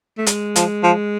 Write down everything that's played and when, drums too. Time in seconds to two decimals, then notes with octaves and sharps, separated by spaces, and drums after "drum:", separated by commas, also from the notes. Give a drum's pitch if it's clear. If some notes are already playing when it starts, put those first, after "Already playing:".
0.18 A3
0.26 G#3, drum: hi-hat
0.56 F3, drum: hi-hat
0.83 F3